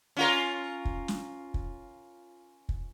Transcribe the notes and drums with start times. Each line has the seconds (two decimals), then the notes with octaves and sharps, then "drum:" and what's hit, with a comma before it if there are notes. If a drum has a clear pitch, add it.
0.17 C#4 F4 A#4
0.85 drum: kick
1.08 drum: snare
1.54 drum: kick
2.69 drum: kick